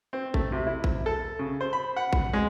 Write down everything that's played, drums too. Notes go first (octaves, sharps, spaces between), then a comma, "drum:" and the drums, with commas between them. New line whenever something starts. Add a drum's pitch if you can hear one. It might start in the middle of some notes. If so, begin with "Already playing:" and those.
C4
A3, drum: kick A1
C3
E4
drum: kick A1
A4
C#3
C5
B5
F#5
drum: kick A1
G#3